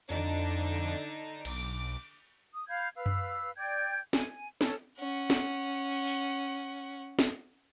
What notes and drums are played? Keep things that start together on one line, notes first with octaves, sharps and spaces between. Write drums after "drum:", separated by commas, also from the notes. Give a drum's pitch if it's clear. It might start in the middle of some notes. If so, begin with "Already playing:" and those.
F2 D3 D4 D#4, drum: hi-hat
B1 D6, drum: cymbal
D#6
F5 B5 G6 G#6
B4 F5 E6
drum: tom F#2
D5 G5 G6 G#6
G#5, drum: snare
C#4 A4 C#5 A5, drum: snare
C#4 F#5, drum: hi-hat
drum: snare
drum: open hi-hat
drum: snare